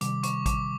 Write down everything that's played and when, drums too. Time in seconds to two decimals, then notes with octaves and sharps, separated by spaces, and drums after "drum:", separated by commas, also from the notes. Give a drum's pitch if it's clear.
0.01 C3 D#3 G3 D6, drum: hi-hat
0.23 C#6, drum: hi-hat
0.46 D6, drum: kick A1, hi-hat